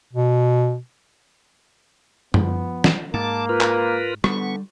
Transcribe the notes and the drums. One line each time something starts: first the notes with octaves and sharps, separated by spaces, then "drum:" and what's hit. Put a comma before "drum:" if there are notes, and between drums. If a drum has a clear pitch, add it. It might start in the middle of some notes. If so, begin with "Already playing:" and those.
B2
F3 B3, drum: tom F#2
drum: snare
G#2 A#3 A5 D6
F4 A#4 B4
drum: clap
D3 G3 B3 C#6, drum: rim click